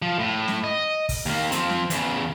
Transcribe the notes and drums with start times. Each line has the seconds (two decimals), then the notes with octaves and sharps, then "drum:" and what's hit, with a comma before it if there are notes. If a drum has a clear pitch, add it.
0.02 F3
0.19 A2
0.48 drum: snare
0.64 D#5
1.09 drum: kick, open hi-hat
1.26 D#2 A#3
1.52 F3 C4, drum: hi-hat
1.70 drum: snare
1.90 E2 C#3, drum: hi-hat